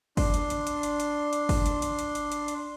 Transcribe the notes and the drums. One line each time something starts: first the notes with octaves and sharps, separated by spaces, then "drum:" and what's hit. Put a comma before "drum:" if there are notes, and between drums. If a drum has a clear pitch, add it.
D4 C6, drum: kick G1, open hi-hat
drum: hi-hat
drum: hi-hat
drum: hi-hat
drum: hi-hat
drum: hi-hat
drum: hi-hat
drum: kick G1, open hi-hat
drum: hi-hat
drum: hi-hat
drum: hi-hat
drum: hi-hat
drum: hi-hat
drum: hi-hat